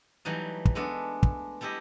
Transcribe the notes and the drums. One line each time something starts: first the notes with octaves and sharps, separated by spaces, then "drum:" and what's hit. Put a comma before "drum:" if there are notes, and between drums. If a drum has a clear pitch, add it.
E3 F#3 G3 A3 D#4
drum: kick
G#3 A3 B3 D4 A4
drum: kick
G3 A3 E4 G4 D#5